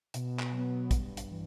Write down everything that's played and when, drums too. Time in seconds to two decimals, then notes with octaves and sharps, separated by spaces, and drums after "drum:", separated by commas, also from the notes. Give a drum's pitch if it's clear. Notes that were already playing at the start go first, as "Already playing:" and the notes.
0.14 B2, drum: hi-hat
0.39 drum: clap
0.52 F#3
0.57 B3
0.91 G2, drum: kick, hi-hat
1.17 drum: hi-hat
1.30 E3 G3